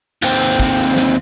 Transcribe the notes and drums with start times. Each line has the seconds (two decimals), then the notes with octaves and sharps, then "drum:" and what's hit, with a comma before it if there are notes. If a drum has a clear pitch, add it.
0.23 D#2 C4
0.60 drum: kick
0.97 drum: snare